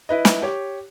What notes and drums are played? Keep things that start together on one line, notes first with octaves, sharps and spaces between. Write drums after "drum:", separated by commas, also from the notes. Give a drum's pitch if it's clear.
E4 B4 D#5
drum: snare
G4 C#5